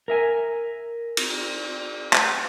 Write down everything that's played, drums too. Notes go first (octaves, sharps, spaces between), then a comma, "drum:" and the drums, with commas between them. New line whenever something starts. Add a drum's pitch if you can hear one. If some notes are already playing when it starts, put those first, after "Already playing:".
A#4 E5 G#5
drum: cymbal
drum: clap